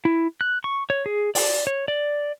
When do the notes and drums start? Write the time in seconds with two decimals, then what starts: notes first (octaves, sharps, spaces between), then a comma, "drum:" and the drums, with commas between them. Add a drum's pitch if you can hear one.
0.05 E4
0.41 F#6
0.64 C#6
0.90 C#5
1.06 G#4
1.35 D5, drum: open hi-hat
1.67 C#5
1.88 D5